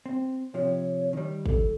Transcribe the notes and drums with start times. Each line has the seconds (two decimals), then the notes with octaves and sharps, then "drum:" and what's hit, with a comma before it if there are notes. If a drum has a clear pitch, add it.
0.06 C4
0.54 C3 F3 C#5
1.13 D#3 G3
1.46 A4, drum: kick